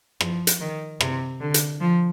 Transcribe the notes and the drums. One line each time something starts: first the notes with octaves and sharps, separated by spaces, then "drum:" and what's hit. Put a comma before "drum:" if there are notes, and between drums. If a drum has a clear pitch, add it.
F3, drum: rim click
drum: hi-hat
D#3
C3, drum: rim click
D3
drum: hi-hat
F3